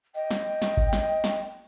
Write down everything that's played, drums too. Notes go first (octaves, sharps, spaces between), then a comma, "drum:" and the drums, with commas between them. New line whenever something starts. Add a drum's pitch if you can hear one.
D#5 G5
drum: snare
drum: snare
drum: kick G#1
drum: snare
drum: snare